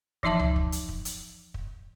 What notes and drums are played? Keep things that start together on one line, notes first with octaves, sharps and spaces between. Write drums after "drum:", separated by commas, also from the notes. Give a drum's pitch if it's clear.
E3 F3 D#4 E5 A5 D6, drum: kick
drum: tom C#2
drum: kick
drum: hi-hat
drum: kick
drum: hi-hat
drum: kick